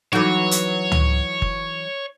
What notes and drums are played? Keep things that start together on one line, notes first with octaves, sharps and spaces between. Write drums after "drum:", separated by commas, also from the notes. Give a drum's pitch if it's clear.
E3 F#3 D#4 A4 C#5 D6
drum: hi-hat
drum: tom C#2
drum: kick F#1